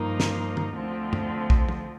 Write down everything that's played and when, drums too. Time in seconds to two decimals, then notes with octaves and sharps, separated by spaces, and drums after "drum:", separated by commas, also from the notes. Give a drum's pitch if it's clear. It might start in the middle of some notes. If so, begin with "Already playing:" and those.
Already playing: G2 F3 A#3 D#4
0.20 drum: snare
0.57 drum: tom
0.76 D2 D3 F3 C4
1.13 drum: tom F#2
1.50 drum: kick
1.69 drum: tom